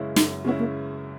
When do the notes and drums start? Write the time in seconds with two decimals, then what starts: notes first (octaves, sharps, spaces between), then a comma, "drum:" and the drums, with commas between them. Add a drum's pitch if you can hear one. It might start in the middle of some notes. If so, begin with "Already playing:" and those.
Already playing: F#2 C#3 G#3 C#4 E4
0.16 F#2 D#4, drum: snare
0.45 C#3 G#3 B3 C#4 E4
0.59 A#3